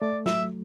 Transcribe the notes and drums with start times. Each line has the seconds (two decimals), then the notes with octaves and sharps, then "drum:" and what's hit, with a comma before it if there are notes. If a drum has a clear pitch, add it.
0.01 A3 D5
0.26 F#3 E5, drum: snare